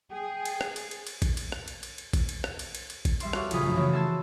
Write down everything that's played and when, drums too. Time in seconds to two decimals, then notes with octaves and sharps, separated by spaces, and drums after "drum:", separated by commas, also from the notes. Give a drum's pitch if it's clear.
0.11 G#4 G5
0.45 drum: cymbal
0.61 drum: rim click
0.76 drum: cymbal
0.91 drum: cymbal
1.07 drum: cymbal
1.22 drum: kick, cymbal
1.37 drum: cymbal
1.52 drum: rim click
1.68 drum: cymbal
1.83 drum: cymbal
1.98 drum: cymbal
2.13 drum: kick, cymbal
2.29 drum: cymbal
2.44 drum: rim click
2.59 drum: cymbal
2.75 drum: cymbal
2.90 drum: cymbal
3.05 drum: kick, cymbal
3.20 G3 E5 C6, drum: cymbal
3.33 F#4 G4 A4 C#5 D5 F5, drum: rim click
3.51 A#1 C#3 F#3 F4 B5 D#6, drum: cymbal
3.63 G1 F#2 F3 A3
3.76 C#3 E3 A3 F4 F#4 C#5
3.93 A5 C6 E6 G#6